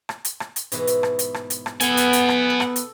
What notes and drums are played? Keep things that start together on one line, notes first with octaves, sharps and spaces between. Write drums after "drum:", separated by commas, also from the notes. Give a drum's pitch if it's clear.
drum: rim click
drum: hi-hat
drum: rim click
drum: hi-hat
G#2 B2 E3, drum: hi-hat
drum: hi-hat
drum: rim click
drum: hi-hat
drum: rim click
drum: hi-hat
drum: rim click
B3 A4 F#5 G#5, drum: hi-hat
drum: hi-hat
drum: hi-hat
drum: rim click
A4
drum: rim click
drum: hi-hat